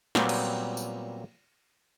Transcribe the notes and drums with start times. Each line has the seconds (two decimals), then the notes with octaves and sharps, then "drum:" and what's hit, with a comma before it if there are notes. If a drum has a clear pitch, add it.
0.15 A#2 F#3 G3 B3 C4, drum: snare
0.29 drum: cymbal
0.77 drum: tambourine